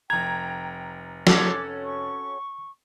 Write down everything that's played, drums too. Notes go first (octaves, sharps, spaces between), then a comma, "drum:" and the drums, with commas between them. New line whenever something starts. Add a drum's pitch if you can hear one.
F1 G5 A#5 G#6
C#4 F#4 A4 D6, drum: snare
C#6